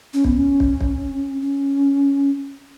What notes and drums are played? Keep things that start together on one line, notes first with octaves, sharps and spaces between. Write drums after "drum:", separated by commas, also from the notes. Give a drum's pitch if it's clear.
C#4
B3, drum: kick
C#4
drum: kick
drum: kick
C#4